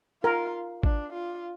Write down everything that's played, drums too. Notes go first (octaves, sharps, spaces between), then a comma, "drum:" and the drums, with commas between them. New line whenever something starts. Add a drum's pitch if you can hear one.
F4 A#4
D4, drum: kick G#1
F4